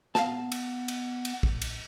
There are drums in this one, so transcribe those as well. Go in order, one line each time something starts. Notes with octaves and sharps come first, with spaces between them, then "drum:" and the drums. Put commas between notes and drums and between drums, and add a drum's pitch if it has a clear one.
B3 F5 A5, drum: snare
drum: cymbal
drum: cymbal
drum: cymbal
drum: kick
drum: cymbal